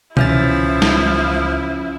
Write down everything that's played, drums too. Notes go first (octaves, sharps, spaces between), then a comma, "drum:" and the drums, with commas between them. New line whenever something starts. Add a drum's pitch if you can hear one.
C#2 E3 F3 C#4 E4 E5 A6, drum: tom
drum: snare